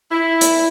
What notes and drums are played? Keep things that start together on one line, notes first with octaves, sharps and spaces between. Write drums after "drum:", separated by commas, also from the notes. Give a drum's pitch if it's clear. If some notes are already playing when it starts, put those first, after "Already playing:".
E4
drum: hi-hat